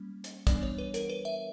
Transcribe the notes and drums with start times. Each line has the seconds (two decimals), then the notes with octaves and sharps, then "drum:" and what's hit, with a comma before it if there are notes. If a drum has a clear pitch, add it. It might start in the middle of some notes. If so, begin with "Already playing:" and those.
Already playing: G3 A#3 C#4
0.24 drum: hi-hat
0.47 E3 G3 B3 D4 D5, drum: kick, hi-hat
0.63 C#5
0.78 B4
0.94 A#4, drum: hi-hat
1.10 B4
1.25 E5